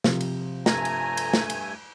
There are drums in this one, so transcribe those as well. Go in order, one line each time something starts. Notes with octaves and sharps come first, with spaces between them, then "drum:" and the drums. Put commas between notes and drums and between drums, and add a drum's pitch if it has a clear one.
C3 F3, drum: snare
drum: cymbal
G2 A3 G#5 A#5, drum: snare
drum: cymbal
drum: cymbal
drum: snare
drum: cymbal